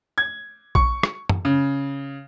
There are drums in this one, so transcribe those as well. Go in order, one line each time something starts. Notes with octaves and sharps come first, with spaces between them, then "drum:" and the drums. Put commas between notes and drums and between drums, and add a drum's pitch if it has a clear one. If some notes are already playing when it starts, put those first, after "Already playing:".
G#6
C#6, drum: kick A#1
drum: rim click
drum: tom
C#3